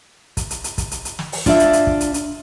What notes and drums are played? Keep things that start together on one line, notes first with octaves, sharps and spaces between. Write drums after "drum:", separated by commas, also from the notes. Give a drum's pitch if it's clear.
drum: kick, hi-hat
drum: hi-hat
drum: hi-hat
drum: kick, hi-hat
drum: hi-hat
drum: hi-hat
drum: snare
drum: open hi-hat
D4 F4 D5 E5, drum: kick, hi-hat
drum: hi-hat
drum: hi-hat
drum: kick
drum: hi-hat
drum: hi-hat